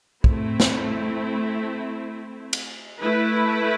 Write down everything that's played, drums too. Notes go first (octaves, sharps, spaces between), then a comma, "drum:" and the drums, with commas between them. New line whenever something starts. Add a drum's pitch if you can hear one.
A3 C4 E4, drum: kick
drum: snare
drum: cymbal
A3 E4 B4